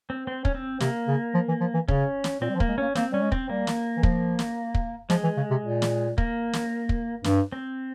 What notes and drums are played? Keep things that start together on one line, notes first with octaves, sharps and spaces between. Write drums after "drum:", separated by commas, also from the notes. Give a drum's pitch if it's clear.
C4
C4
C#4, drum: kick
C4
C3 A#3, drum: snare
C#3
F3
E3
F3
E3
C#3 C#4, drum: kick
drum: snare
A#2 C4
G3
F3
A#3, drum: kick
G#3
A#3 C#4
A#3 C4, drum: snare
G3 C#4
G#3
C4, drum: kick
G3 A#3
drum: snare
E3
F3, drum: kick
drum: snare
drum: kick
F3 G#3, drum: snare
E3
C#3
C3
A#2
drum: snare
A#3, drum: kick
drum: snare
drum: kick
G2, drum: snare
C4